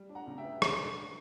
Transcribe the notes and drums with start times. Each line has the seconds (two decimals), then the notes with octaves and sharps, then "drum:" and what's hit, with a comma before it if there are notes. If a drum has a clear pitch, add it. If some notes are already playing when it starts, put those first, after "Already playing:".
Already playing: G3
0.09 D4
0.15 F#5 A#5
0.27 C#3
0.38 E5 G5
0.44 B3
0.62 B2, drum: rim click
0.79 D4